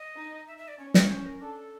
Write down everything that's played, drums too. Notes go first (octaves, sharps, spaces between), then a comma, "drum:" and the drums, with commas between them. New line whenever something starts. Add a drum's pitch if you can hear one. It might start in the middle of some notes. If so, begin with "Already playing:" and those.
Already playing: D#5
D#4
E5
E5
D5
C#4 C#5
C#5, drum: snare
C#4 C5
A#4
D4 A4